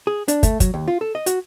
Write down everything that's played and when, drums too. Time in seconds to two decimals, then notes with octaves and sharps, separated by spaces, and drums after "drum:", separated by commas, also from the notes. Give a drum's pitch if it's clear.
0.07 G#4
0.28 D4, drum: hi-hat
0.43 A3, drum: kick, hi-hat
0.60 F#3, drum: kick, hi-hat
0.74 D#2
0.88 F4
1.01 A4
1.15 D#5
1.26 F#4, drum: hi-hat